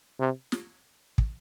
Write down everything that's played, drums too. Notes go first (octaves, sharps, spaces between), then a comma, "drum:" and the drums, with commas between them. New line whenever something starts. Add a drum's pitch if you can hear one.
C3
drum: snare
drum: kick